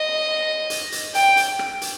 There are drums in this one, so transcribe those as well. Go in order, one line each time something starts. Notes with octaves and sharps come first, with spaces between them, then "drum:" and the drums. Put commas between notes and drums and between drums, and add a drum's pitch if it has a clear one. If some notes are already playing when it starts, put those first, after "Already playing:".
Already playing: D#5
drum: hi-hat
drum: hi-hat
G5, drum: hi-hat
drum: hi-hat
drum: rim click
drum: hi-hat